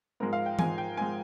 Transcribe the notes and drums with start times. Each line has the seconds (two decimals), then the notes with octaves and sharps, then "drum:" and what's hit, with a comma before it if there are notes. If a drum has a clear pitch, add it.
0.20 G#2 F3 G#3 A#4
0.33 F5
0.46 G5
0.59 G#2 F3 G#3 G#5, drum: tom E3
0.78 G5
0.97 G#2 F3 G#3 G#5